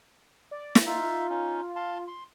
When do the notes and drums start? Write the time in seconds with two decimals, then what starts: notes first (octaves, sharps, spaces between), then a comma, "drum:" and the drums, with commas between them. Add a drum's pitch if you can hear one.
0.51 D5
0.75 drum: snare
0.86 D#4 F4 E5
1.29 C#4 D#4
1.76 F5 A5 C6
2.07 C6